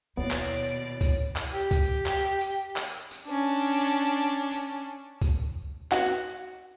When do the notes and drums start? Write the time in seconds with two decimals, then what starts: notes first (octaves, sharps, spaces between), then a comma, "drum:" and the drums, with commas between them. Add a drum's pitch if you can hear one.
0.17 D#2 B2 B3 E4 C#5 D5
0.31 drum: clap
1.01 drum: kick C#2, tambourine
1.36 drum: clap
1.53 G4
1.71 drum: kick C#2, tambourine
2.06 drum: clap
2.41 drum: tambourine
2.76 drum: clap
3.11 drum: tambourine
3.26 C#4 D4
3.81 drum: tambourine
4.51 drum: tambourine
5.22 drum: kick C#2, tambourine
5.92 F#4, drum: clap